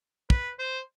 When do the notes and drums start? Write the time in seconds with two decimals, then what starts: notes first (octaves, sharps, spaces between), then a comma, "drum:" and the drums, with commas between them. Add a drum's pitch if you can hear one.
0.30 B4, drum: kick
0.59 C5